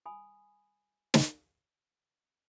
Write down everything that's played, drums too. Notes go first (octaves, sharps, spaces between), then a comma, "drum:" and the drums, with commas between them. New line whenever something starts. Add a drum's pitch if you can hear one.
G#5 B5 D#6
drum: snare